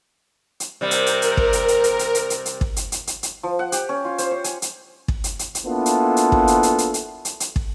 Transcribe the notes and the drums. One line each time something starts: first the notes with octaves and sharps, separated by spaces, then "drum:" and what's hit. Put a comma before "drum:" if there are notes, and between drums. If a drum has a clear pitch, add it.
drum: hi-hat
C3 G3 A#4
drum: hi-hat
drum: hi-hat
drum: hi-hat
drum: kick
drum: hi-hat
drum: hi-hat
drum: hi-hat
drum: hi-hat
drum: hi-hat
drum: hi-hat
drum: hi-hat
drum: kick
drum: hi-hat
drum: hi-hat
drum: hi-hat
drum: hi-hat
F3
F#5
G4, drum: hi-hat
C#4
F4
C5, drum: hi-hat
C#5
G#5, drum: hi-hat
drum: hi-hat
drum: kick
drum: hi-hat
drum: hi-hat
drum: hi-hat
A#3 B3 D4 E4 F4 A4
drum: hi-hat
drum: hi-hat
drum: kick
drum: hi-hat
drum: hi-hat
drum: hi-hat
drum: hi-hat
drum: hi-hat
drum: hi-hat
drum: kick